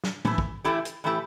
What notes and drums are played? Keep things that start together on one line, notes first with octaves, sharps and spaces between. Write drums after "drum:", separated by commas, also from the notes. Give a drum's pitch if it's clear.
drum: snare
E3 A3 E4, drum: tom
drum: kick
A2 E3 A3 E4 G4
drum: hi-hat
A2 E3 A3 E4 G4